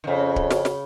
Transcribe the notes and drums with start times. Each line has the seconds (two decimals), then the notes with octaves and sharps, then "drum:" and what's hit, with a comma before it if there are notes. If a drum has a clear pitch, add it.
0.04 D#3
0.07 F2 C#3
0.36 drum: kick D1
0.51 drum: snare
0.65 drum: snare